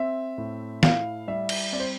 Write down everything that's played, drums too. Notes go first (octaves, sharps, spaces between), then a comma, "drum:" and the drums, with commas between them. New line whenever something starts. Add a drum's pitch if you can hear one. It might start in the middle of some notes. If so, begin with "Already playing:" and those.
Already playing: C4 E5
A2
E4 F5, drum: snare
G3 E5
drum: cymbal
C4 D5
C5